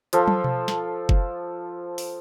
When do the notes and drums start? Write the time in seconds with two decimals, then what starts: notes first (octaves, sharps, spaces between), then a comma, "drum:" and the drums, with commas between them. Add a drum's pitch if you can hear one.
0.13 F3 F4 A4, drum: hi-hat
0.28 drum: tom
0.44 drum: tom B2
0.68 drum: snare
1.09 drum: kick F#1
1.98 drum: open hi-hat